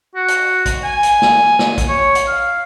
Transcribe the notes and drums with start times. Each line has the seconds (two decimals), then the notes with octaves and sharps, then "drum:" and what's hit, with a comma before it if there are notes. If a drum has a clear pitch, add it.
0.15 F#4
0.28 drum: hi-hat
0.66 drum: kick, hi-hat
0.84 G#5
1.03 drum: hi-hat
1.22 drum: snare
1.59 drum: snare
1.78 drum: kick, hi-hat
1.89 C#5
2.15 drum: hi-hat
2.27 F5